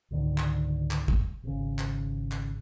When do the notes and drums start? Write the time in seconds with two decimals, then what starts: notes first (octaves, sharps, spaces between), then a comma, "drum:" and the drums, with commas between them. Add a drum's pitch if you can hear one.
0.11 C#2 G#2 D3 D#3
0.38 drum: clap
0.91 drum: clap
1.08 drum: kick
1.43 G#1 C#3
1.79 drum: clap
2.31 drum: clap